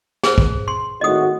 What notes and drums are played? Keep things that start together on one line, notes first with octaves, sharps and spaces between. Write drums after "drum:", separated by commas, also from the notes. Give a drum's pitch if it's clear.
G#4 B4 C5, drum: snare
drum: kick
C6
G#1 A2 F#4 D#5 D#6